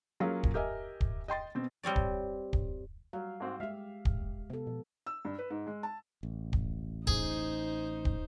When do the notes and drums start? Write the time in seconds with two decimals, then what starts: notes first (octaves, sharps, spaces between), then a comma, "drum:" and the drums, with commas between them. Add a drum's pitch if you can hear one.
0.20 F#3 A#3 C#4 F4 G#4
0.43 drum: kick
0.54 G4 A#4 D#5 E5 G#5
1.01 drum: kick
1.28 D#5 G5 C6 A6
1.55 B2 C4
1.83 G3 C4 C#5 D5
1.96 drum: kick
2.53 drum: kick
3.13 F#3 G3 F5
3.40 G#2 C4 F#4
3.60 G#3 G4 E5 F5
4.05 drum: kick
4.21 F#1
4.50 C3 B3 A4
4.67 B2 F3
5.06 E6
5.25 G2
5.38 B4
5.50 G#2
5.67 G#3
5.83 A5
6.23 A1
6.53 drum: kick
7.07 D#4 G#4 C5, drum: kick
8.05 drum: kick